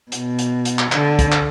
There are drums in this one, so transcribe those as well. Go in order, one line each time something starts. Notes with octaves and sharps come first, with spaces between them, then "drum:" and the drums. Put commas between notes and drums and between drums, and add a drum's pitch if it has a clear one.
B2, drum: hi-hat
drum: hi-hat
drum: hi-hat
drum: clap
D3, drum: clap
drum: kick, hi-hat
drum: clap